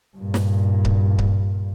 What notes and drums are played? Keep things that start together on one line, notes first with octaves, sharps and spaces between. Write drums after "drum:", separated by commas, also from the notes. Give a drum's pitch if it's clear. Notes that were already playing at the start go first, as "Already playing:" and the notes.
G2 A#2
drum: snare
drum: kick C#1
drum: kick C#1